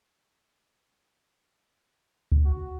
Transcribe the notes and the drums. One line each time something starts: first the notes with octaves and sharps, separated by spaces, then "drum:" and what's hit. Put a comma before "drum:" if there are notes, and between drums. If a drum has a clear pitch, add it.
drum: kick D2
F#4